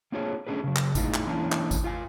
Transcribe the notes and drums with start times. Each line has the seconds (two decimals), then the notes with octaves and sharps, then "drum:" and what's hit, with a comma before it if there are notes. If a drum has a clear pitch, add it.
0.12 A#3 C4 D4 F4 G#4 C#5
0.47 A3 C#4 D4 G#4 B4
0.64 C#3 F#3
0.76 drum: clap
0.95 A2 G#3 D#4 F4, drum: kick G#1, tambourine
1.14 drum: clap
1.27 E3 A#3 C#4 D4
1.52 drum: clap
1.71 drum: kick G#1, tambourine
1.84 F4 F5 G#5